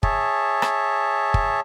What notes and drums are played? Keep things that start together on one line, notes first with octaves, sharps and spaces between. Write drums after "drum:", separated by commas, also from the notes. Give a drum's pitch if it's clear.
G#4 C#5 E5 A5, drum: kick
drum: rim click
drum: kick